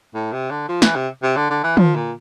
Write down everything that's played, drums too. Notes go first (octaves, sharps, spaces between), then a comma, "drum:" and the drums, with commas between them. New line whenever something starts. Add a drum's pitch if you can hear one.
A2
C3
D3
F3
E3, drum: snare
C3
C3
D3
D3
E3
F3, drum: tom
A#2